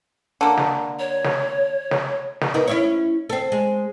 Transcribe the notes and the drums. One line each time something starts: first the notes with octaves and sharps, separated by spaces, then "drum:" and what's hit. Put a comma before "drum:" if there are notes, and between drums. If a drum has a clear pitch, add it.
D3 A#3
drum: snare
C#5
drum: snare
drum: snare
drum: snare
B3 D#4 A#4
C#4 E4 C#5
C4 A4
G#3